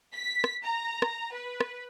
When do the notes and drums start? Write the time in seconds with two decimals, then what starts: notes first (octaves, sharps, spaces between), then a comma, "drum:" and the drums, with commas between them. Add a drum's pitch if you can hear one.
0.14 B6
0.44 drum: rim click
0.63 A#5
1.02 drum: rim click
1.33 B4
1.61 drum: rim click